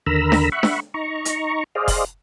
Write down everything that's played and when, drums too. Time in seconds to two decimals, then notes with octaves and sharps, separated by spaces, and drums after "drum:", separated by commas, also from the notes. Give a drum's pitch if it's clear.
0.06 D#2 D3 A#4 A#5 B5 E6
0.32 drum: snare D4
0.52 E5 F#5 B5 C#6
0.63 drum: snare D4
0.94 D#4 A#5 C#6
1.25 drum: hi-hat
1.75 G#4 C5 D5 D#5 F5
1.88 drum: kick F1, open hi-hat